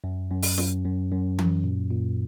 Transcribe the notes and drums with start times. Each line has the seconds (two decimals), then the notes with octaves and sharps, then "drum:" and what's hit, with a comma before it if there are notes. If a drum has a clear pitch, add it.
0.04 F#2
0.31 F#2
0.42 drum: open hi-hat
0.58 F#2, drum: snare
0.84 F#2
1.12 F#2
1.38 F#2, drum: tom E3
1.64 A#2
1.91 A#2